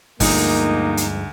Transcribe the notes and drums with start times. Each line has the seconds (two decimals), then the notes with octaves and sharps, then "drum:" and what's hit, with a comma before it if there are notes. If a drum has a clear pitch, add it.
0.20 D2 G2 F3 G#3 A#3 D#4, drum: kick, open hi-hat
0.97 drum: hi-hat